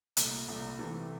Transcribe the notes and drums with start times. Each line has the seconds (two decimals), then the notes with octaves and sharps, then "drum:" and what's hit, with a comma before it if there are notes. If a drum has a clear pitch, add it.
0.17 C2 A#2 A3, drum: hi-hat
0.48 C2 A#2 A3
0.79 C3 E3 A3